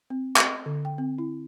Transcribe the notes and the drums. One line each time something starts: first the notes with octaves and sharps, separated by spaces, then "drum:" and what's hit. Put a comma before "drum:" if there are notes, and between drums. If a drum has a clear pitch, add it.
C4
drum: clap
D#5
D3
G5
C4
E4